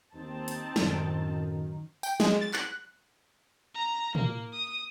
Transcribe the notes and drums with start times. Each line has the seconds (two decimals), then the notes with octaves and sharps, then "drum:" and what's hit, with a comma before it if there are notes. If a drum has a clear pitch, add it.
0.15 D#2 C4 D#4 A5
0.48 drum: hi-hat
0.76 F#2 A2 D#3, drum: snare
2.03 G5, drum: tambourine
2.20 G#3, drum: snare
2.41 A6
2.53 F#6, drum: clap
3.75 A#5
4.15 A#3, drum: tom
4.53 D#6